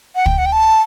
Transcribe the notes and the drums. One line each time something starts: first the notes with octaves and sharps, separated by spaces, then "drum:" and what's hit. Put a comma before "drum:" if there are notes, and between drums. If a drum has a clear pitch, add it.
F#5
G5, drum: kick
F#5
G5
A5